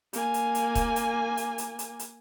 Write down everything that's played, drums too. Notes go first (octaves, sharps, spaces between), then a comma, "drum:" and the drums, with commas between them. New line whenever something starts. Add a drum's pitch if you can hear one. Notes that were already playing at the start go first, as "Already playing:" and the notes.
A#3 G#5, drum: hi-hat
drum: hi-hat
drum: hi-hat
drum: kick, hi-hat
drum: hi-hat
drum: hi-hat
drum: hi-hat
drum: hi-hat
drum: hi-hat